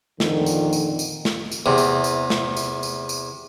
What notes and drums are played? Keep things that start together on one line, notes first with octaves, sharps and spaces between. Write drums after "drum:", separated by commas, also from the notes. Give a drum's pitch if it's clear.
F2 A#2 D3 D#3, drum: snare
drum: tambourine
drum: tambourine
drum: tambourine
drum: snare
drum: tambourine
E2 C3
drum: tambourine
drum: tambourine
drum: snare
drum: tambourine
drum: tambourine
drum: tambourine